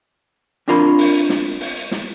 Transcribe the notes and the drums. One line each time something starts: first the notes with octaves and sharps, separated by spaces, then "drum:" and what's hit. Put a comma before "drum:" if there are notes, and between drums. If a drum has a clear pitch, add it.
C4 D4 F4 A#4 B5
drum: open hi-hat
drum: snare
drum: open hi-hat
drum: snare